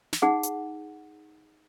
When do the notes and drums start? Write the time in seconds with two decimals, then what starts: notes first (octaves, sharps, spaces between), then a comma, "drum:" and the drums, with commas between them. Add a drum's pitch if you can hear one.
0.13 drum: snare
0.22 D#4 G#4 F#5
0.43 drum: hi-hat